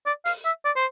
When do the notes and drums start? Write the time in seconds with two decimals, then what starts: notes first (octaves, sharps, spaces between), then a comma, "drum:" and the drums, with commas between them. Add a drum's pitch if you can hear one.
0.06 D5
0.25 F5, drum: open hi-hat
0.45 E5
0.65 D5
0.76 C5